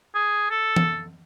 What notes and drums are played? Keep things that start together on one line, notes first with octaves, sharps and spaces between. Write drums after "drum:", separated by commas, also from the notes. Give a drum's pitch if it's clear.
G#4
A4
drum: tom E3